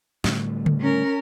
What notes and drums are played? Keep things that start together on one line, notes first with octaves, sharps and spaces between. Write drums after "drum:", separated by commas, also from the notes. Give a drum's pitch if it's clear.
A2 D3 G3, drum: snare
drum: tom C#3
C#4 A#4